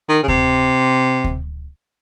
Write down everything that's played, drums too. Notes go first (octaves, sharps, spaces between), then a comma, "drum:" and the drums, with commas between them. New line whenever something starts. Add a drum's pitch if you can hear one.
D#3
C#3
C3, drum: kick D2
drum: kick D2